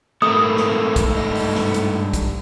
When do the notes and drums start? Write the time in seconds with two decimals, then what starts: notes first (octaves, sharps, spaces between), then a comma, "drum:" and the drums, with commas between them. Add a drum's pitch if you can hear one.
0.22 G#2 A3 B3 C4 A#4 D#6
0.57 drum: snare
0.96 drum: kick, hi-hat
1.16 G2 D#5
1.35 drum: open hi-hat
1.55 drum: snare
1.74 drum: hi-hat
2.13 drum: kick, hi-hat